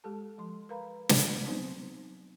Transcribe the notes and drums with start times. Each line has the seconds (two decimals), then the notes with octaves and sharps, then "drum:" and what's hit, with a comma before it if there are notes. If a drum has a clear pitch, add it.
0.04 G#3 G4 A4 A5
0.38 F3 G#3 C6
0.69 A#4 B4 F5 A#5 B5
1.09 drum: snare
1.46 F#3 B3 C4 D#4 C5